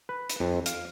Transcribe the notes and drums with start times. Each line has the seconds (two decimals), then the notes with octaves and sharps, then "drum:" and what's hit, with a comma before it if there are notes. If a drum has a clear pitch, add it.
0.09 B4
0.29 drum: hi-hat
0.40 F2
0.66 F5, drum: hi-hat